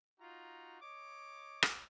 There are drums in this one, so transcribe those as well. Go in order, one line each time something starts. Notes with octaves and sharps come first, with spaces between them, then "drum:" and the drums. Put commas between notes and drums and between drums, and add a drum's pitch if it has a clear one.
D#4 F4 F#4 A#5
C#5 D#5 D6
drum: rim click